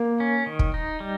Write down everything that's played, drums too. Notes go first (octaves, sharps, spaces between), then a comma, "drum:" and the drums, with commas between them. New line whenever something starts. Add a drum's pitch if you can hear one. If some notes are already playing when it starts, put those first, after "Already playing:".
Already playing: A#3
C#4
D#3
drum: kick
D#4
G3